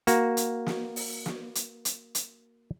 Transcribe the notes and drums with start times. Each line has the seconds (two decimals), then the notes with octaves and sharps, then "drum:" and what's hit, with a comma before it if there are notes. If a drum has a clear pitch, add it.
0.07 A#3 F#4, drum: hi-hat
0.37 drum: hi-hat
0.66 drum: snare
0.96 drum: open hi-hat
1.26 drum: snare
1.55 drum: hi-hat
1.85 drum: hi-hat
2.15 drum: hi-hat